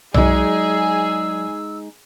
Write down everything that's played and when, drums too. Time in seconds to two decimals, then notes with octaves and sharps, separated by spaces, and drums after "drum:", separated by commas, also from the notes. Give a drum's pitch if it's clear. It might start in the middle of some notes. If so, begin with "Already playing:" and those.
0.14 F#3 G#3 D#4 G#4 D5 E6, drum: tom B1